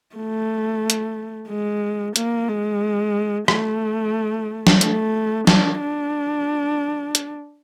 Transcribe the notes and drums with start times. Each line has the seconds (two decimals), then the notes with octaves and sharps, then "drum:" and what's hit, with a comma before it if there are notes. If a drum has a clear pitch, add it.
0.15 A3
0.90 drum: hi-hat
1.48 G#3
2.16 A#3, drum: hi-hat
2.48 G#3
3.48 A3, drum: rim click
4.67 drum: snare
4.81 A3, drum: hi-hat
5.47 D4, drum: snare
5.80 D4
7.15 drum: hi-hat